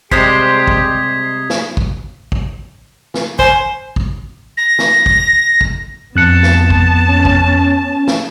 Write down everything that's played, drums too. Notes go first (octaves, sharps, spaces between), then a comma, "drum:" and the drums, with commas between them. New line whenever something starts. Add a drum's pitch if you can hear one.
C3 G3 G#3 G4 C5 D#6 G#6 B6, drum: kick
drum: kick
drum: snare
drum: kick
drum: kick
drum: snare
C5 G#5, drum: kick
drum: kick
A#6
drum: snare
drum: kick
drum: kick
F2 B3 A5 F#6 C#7
drum: snare
drum: kick
C#4
drum: kick
drum: snare